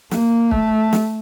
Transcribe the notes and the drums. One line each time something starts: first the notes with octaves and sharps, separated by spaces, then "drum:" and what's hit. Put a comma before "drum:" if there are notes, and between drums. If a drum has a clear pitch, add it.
A#3, drum: snare
A3, drum: kick
drum: snare